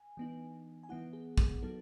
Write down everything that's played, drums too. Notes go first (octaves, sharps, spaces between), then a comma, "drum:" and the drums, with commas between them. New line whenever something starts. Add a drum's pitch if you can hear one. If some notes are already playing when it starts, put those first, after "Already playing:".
Already playing: G#5
E3 B3 D#4
G#5
E3 B3 E4 F#5
G#4
G#4, drum: kick
F#3 B3 D#4 A4